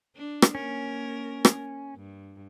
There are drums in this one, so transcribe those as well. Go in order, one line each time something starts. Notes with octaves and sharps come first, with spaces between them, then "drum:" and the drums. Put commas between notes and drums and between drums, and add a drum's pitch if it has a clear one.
D4
drum: rim click
A#3 C#4 A#4
drum: rim click
G2